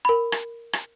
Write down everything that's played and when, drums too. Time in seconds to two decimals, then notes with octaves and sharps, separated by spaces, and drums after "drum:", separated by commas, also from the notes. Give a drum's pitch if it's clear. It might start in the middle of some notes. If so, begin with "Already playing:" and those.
0.05 A#4 B5
0.32 drum: rim click
0.73 drum: rim click